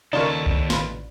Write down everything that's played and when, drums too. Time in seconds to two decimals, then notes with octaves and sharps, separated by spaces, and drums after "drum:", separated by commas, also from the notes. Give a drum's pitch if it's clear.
0.13 D#2 C#3 D#4 F4 A4 A#4 D5 C#6
0.46 drum: kick C2
0.70 A1 F4 B4, drum: snare